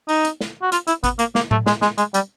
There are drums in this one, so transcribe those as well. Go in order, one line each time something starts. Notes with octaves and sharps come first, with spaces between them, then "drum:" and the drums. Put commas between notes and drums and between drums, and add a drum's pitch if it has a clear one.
D#4, drum: open hi-hat
drum: hi-hat
drum: snare
F#4
F4, drum: hi-hat
E4, drum: hi-hat
B3, drum: kick G#1, hi-hat
A#3, drum: hi-hat
A#3, drum: snare
A3, drum: tom A2
G#3, drum: snare
G#3, drum: snare
G#3, drum: hi-hat
G3, drum: hi-hat